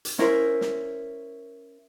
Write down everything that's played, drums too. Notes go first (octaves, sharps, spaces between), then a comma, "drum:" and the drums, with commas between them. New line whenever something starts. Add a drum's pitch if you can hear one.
drum: hi-hat
C#4 E4 A#4 C5, drum: snare
drum: snare